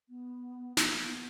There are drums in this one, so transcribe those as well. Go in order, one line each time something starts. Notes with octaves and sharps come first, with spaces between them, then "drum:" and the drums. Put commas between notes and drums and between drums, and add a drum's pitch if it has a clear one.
B3
B3, drum: snare
A#3
B3